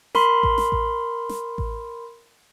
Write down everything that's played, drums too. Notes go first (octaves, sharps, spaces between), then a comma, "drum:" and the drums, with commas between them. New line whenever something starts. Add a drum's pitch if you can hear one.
A#4 B5 C6, drum: snare
drum: kick A1
drum: snare
drum: kick A1
drum: snare
drum: kick A1